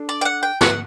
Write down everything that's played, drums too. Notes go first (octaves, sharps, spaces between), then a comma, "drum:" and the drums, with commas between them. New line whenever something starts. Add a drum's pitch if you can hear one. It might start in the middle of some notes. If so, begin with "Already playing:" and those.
Already playing: D4 A4
D5
G5
F#5
G5
F#5, drum: snare